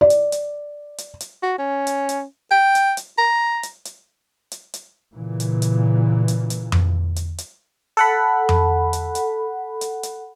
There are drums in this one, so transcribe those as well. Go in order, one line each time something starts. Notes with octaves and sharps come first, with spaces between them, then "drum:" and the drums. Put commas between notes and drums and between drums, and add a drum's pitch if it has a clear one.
D5
drum: hi-hat
drum: hi-hat
drum: hi-hat
drum: hi-hat
F#4
C#4
drum: hi-hat
drum: hi-hat
G5
drum: hi-hat
drum: hi-hat
A#5
drum: hi-hat
drum: hi-hat
drum: hi-hat
drum: hi-hat
A#2 C#3 E3
drum: hi-hat
drum: hi-hat
drum: hi-hat
drum: hi-hat
drum: tom F2
drum: hi-hat
drum: hi-hat
A4 F#5 B5
drum: tom F2
drum: hi-hat
drum: hi-hat
drum: hi-hat
drum: hi-hat